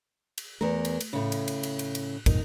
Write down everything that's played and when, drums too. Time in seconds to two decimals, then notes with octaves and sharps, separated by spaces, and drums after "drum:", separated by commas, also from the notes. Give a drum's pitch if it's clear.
0.38 drum: cymbal
0.61 E2 A3 A#4
0.85 drum: cymbal
1.01 drum: cymbal
1.13 A2 C#3
1.32 drum: cymbal
1.48 drum: cymbal
1.63 drum: cymbal
1.79 drum: cymbal
1.95 drum: cymbal
2.26 G#1 F2 A#2 D#4 A#4, drum: kick, cymbal